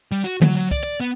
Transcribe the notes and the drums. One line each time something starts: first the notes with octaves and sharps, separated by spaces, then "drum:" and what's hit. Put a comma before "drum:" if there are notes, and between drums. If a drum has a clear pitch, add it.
G3
F#4
F#3, drum: tom D3
F#3
D5, drum: kick C2
D5
B3